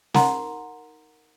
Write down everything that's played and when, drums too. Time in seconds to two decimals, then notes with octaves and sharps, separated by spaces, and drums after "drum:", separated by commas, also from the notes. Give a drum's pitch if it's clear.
0.14 D#4 A#4 F#5 A#5 C6, drum: snare